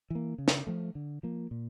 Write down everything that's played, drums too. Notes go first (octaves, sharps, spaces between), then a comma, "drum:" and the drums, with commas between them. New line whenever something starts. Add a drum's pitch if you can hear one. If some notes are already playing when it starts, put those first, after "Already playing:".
E3 A#3
C#3
drum: snare
F3 A3
D3
F3 A#3
A#2